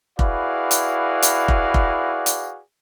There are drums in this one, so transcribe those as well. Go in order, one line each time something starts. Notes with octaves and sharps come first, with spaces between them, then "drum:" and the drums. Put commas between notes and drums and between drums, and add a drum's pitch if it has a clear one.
E4 F#4 G#4 B4 D5 F5, drum: kick F1
drum: hi-hat
drum: hi-hat
drum: kick F1
drum: kick F1
drum: hi-hat